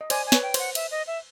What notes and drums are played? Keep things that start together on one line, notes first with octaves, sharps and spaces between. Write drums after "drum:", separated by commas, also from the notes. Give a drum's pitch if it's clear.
D#5
C5 D5 G#5, drum: cymbal
G#5
B4 C#5, drum: snare
G5
C5 F#5, drum: cymbal
E5, drum: cymbal
D#5
E5